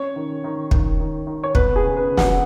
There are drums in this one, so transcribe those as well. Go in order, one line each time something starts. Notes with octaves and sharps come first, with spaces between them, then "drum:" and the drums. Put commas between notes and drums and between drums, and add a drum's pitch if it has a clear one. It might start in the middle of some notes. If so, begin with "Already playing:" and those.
Already playing: C#4 C#5
D#3
D#3
D#3, drum: kick
D#3
D#3
C#5
B3 B4, drum: kick
G#4
C#3
B4
C#3
F#5, drum: snare